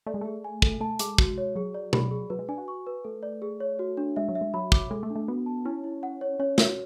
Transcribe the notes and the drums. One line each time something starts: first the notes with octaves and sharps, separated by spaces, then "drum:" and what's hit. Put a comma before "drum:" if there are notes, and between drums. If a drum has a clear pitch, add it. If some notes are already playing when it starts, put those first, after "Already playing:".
A3 D5
G#3
A3 G#4
G#5
A4, drum: kick
A3 A5
G#3 D6, drum: hi-hat
F#4, drum: kick
C#5
F#3 G#4
D5
B5, drum: tom B2
G#4
F#3 B4
G#3
D4 G#5
F#4
C#6
B4
A3 A4
D5
G#4
C#5
F#4
D4
G#3 E5
F#3
E5
G#3
F#3 B5
D6, drum: kick
G#3 A4
A3
D4
A3
B3 F#4
A5
C#4 E4
E4
F#5
C#5
C#4 C#5
F#4, drum: snare